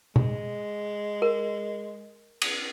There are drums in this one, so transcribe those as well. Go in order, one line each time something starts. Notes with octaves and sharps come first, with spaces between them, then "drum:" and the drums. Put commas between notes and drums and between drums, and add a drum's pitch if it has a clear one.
G#3, drum: tom B2
A#4
drum: cymbal